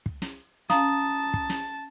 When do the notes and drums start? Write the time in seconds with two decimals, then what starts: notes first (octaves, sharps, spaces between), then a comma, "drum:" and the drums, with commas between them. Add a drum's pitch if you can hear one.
0.06 drum: kick
0.22 drum: snare
0.70 C#4 F5 A5 A#5 D#6, drum: snare
1.34 drum: kick
1.50 drum: snare